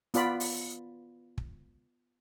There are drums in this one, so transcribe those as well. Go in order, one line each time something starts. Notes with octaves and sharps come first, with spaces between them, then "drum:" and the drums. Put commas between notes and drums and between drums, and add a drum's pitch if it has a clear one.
B3 F4 D5 B5, drum: hi-hat
drum: open hi-hat
drum: kick